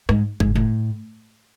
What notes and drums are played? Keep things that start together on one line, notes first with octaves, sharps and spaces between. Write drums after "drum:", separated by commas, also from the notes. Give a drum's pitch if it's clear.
G#2, drum: rim click
G#2, drum: kick
A2